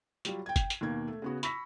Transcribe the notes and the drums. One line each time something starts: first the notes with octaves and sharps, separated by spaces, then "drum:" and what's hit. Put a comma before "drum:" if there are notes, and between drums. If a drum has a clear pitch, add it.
F#3 G3 F4, drum: hi-hat
G5 G#6
drum: kick, hi-hat
drum: hi-hat
D#2 B2 A#3 G#6
A3
C#3 B3 F#4
B5 C#6 E6 A#6 B6, drum: hi-hat